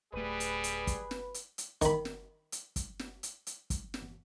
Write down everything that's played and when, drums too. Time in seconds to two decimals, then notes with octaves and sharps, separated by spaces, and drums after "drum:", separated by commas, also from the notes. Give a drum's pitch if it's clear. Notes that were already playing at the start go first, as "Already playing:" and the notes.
0.13 D1 G3 A3 G#4 B4
0.40 drum: hi-hat
0.64 drum: hi-hat
0.87 drum: kick, hi-hat
1.11 drum: snare
1.34 drum: hi-hat
1.58 drum: hi-hat
1.82 D#3 B5, drum: kick, hi-hat
2.05 drum: snare
2.52 drum: hi-hat
2.76 drum: kick, hi-hat
2.99 drum: snare
3.23 drum: hi-hat
3.47 drum: hi-hat
3.70 drum: kick, hi-hat
3.94 drum: snare